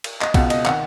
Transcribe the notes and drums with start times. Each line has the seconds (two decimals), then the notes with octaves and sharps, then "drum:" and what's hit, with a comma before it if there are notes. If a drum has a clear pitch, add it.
0.04 drum: cymbal
0.21 D#5, drum: clap
0.34 C#2 B2 F#5, drum: kick, cymbal
0.50 D#5, drum: cymbal
0.66 D#3 F#5, drum: clap